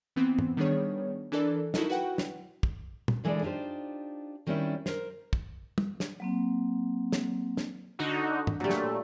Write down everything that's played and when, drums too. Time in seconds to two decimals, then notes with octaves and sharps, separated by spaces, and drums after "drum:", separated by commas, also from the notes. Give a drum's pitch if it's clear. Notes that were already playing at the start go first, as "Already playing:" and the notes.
0.16 E3 B3 C4
0.39 drum: tom
0.57 D#3 G3 B3 D4 G#4 C#5
1.32 E3 D4 A4 A#4 D5
1.74 D#4 E4 F#4 A4 A#4 D#5, drum: snare
1.89 E4 F#4 B4 F#5 G5
2.18 drum: snare
2.63 drum: kick
3.08 drum: tom
3.24 D3 E3 G#3 A4 B4 D5
3.42 D4 D#4 F4 G4 C5
4.47 D#3 G3 C4 C#4 E4
4.86 A#4 C5, drum: snare
5.33 drum: kick
5.78 drum: tom
6.00 drum: snare
6.20 F#3 A#3 C4
7.12 drum: snare
7.57 drum: snare
7.99 D3 D4 D#4 F#4
8.47 drum: tom
8.60 A#2 F#3 G3 A3
8.70 drum: snare